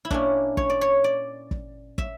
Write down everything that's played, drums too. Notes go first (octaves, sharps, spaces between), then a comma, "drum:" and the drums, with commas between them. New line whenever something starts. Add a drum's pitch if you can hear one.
E4
A#2 A#3 C#4 D4, drum: kick
C#5, drum: kick
D5
C#5
D5
drum: kick
E5, drum: kick